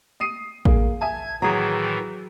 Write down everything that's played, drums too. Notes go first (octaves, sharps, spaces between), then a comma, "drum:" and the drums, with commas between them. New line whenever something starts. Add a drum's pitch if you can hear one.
D#6 C7 D#7
A#3 G#4, drum: kick A1
E5 G#5 A5 G#6
A2 D#3 E3 F#3 G#4 A#5